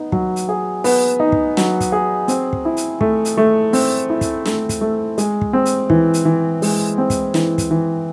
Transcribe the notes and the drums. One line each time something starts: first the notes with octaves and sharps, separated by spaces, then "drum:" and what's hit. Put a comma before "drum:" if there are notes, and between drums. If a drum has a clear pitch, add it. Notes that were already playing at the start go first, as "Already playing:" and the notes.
Already playing: B3 D#4
F#3, drum: kick
drum: hi-hat
G#4
B3, drum: open hi-hat
D#4
drum: kick
F#3, drum: snare
drum: kick, hi-hat
G#4
C4, drum: hi-hat
drum: kick
E4
drum: hi-hat
A3, drum: kick
drum: hi-hat
A3
C4, drum: open hi-hat
E4
drum: kick, hi-hat
A3, drum: snare
drum: kick, hi-hat
A3
G#3, drum: hi-hat
drum: kick
C4
drum: hi-hat
E3, drum: kick
drum: hi-hat
E3
G#3, drum: open hi-hat
C4
drum: kick, hi-hat
E3, drum: snare
drum: kick, hi-hat
E3